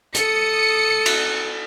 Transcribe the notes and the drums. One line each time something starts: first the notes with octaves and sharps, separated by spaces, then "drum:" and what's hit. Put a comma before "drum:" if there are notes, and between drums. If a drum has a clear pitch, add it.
A4 D#6 C#7, drum: hi-hat
drum: cymbal